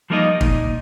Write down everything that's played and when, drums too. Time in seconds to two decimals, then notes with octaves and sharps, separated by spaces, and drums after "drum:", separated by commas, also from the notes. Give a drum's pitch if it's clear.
0.10 F3 G3 A#3 D#4 F4 D#5
0.41 A#2 D#4, drum: kick